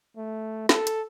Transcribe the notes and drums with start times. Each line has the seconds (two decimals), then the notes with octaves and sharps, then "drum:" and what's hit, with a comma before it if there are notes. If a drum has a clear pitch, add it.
0.17 A3
0.69 A4, drum: snare
0.87 drum: hi-hat